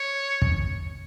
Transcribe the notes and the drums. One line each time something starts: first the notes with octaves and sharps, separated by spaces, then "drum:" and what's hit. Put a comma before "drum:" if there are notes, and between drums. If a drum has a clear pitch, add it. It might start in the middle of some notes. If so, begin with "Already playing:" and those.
Already playing: C#5
drum: kick